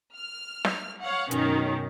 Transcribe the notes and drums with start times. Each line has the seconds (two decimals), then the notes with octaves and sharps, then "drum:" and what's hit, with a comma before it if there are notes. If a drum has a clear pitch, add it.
0.15 F6
0.65 drum: snare
1.02 C#5 F5 F#5
1.31 F#2 B2 D#3 C#4, drum: hi-hat